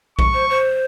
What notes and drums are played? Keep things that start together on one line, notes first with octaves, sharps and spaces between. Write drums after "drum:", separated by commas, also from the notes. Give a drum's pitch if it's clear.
C#6, drum: kick A#1
C5
C5